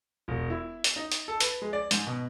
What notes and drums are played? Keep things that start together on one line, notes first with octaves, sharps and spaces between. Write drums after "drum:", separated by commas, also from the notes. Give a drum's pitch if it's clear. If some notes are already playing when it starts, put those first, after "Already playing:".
E1
E4
drum: hi-hat
D#4
drum: hi-hat
A4
B4, drum: hi-hat
G#3
D5
G#2, drum: hi-hat
B2